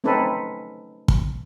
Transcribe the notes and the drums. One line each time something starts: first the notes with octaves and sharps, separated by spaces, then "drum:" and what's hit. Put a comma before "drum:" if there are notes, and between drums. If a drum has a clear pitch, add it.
A3 C4 C#4 D#4 A4 B4
drum: kick